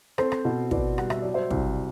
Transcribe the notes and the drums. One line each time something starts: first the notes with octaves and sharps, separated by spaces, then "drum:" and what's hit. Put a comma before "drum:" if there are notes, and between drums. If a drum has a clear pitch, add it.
C4 A4 C5, drum: rim click
drum: rim click
B2
B2 B4 D5, drum: kick
G3 F#5, drum: rim click
E5, drum: rim click
F#3 D5
C5 E5
C2, drum: kick